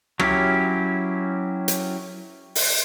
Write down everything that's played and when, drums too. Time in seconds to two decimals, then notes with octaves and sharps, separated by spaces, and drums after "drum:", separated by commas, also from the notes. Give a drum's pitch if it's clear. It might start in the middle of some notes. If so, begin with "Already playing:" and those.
0.20 F#3 C#4 E4 G4, drum: rim click
1.68 drum: hi-hat
2.55 drum: open hi-hat